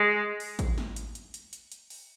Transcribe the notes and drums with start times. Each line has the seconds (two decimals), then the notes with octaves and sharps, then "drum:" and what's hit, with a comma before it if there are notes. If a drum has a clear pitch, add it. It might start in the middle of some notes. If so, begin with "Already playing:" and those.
Already playing: G#3
0.40 drum: open hi-hat
0.59 drum: kick, hi-hat
0.78 drum: snare
0.96 drum: hi-hat
1.15 drum: hi-hat
1.34 drum: hi-hat
1.53 drum: hi-hat
1.72 drum: hi-hat
1.90 drum: open hi-hat